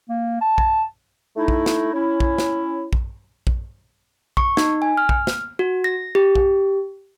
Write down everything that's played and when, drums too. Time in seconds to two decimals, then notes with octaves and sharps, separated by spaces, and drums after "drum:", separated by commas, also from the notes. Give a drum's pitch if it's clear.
0.09 A#3
0.41 A5
0.58 drum: kick A#1
1.37 A3 D#4 E4
1.48 drum: kick A#1
1.66 drum: snare
1.93 C#4 E4
2.20 drum: kick A#1
2.38 drum: snare
2.93 drum: kick A#1
3.47 drum: kick A#1
4.37 C#6, drum: kick A#1
4.57 D#4, drum: snare
4.82 G#5
4.97 F6
5.09 drum: kick A#1
5.27 drum: snare
5.59 F#4
5.84 A#6
6.15 G4
6.35 drum: kick A#1